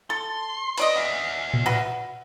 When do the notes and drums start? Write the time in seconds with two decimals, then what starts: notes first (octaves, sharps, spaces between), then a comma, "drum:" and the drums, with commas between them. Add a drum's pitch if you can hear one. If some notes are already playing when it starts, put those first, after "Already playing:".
0.10 A4 C6
0.77 B4 D5 D#5, drum: cymbal
0.96 E5 F#5
1.54 drum: tom A2
1.66 F#4 B4